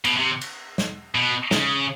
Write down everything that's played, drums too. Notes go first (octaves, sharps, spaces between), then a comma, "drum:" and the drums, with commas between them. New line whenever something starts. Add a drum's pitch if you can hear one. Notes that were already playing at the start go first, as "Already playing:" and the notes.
B2, drum: cymbal
C3
drum: cymbal
drum: snare
B2
C#3, drum: snare